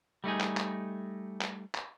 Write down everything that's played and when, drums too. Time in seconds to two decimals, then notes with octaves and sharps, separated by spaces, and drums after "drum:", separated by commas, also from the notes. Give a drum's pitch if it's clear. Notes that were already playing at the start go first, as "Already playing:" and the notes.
0.24 G3 A3 D#4 G#4
0.41 drum: clap
0.57 drum: clap
1.41 drum: clap
1.75 drum: clap